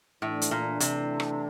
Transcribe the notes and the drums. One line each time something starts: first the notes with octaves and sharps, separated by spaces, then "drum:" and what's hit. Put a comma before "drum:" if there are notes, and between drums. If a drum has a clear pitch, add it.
A2 E3 A3 D4
drum: hi-hat
A#2
C3, drum: hi-hat
drum: rim click